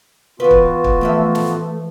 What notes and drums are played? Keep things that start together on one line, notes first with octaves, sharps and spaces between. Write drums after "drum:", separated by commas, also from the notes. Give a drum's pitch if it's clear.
E3 B3 F4 F#4 B4
drum: kick
drum: kick
E3 F3 A3 E5
drum: snare